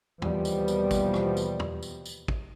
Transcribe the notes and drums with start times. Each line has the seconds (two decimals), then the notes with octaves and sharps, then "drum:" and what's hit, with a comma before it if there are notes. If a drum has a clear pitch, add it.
0.22 D#2 B2 E3 F3 G3 B3, drum: tom
0.45 drum: tambourine
0.68 drum: tambourine
0.91 drum: kick, tambourine
1.14 drum: rim click
1.37 drum: tambourine
1.60 drum: tom
1.83 drum: tambourine
2.05 drum: tambourine
2.28 drum: kick